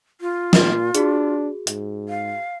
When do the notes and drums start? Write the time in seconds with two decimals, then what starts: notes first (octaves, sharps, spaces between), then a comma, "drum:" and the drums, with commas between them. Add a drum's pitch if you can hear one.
0.21 F4
0.53 A#2, drum: snare
0.95 D4 F#4 G#4, drum: hi-hat
1.67 G#2, drum: hi-hat
2.09 F5